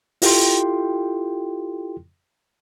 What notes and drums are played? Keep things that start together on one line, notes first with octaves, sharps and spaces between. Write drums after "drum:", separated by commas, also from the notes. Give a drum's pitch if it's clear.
E4 F4 G4 A4 G5 C6, drum: open hi-hat